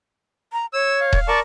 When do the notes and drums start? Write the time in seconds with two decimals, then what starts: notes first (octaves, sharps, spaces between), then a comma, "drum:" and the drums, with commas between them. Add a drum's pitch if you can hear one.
0.53 A#5
0.73 C#5 E6
1.01 F5
1.13 drum: kick D#1
1.28 A#4 D5 A5 C#6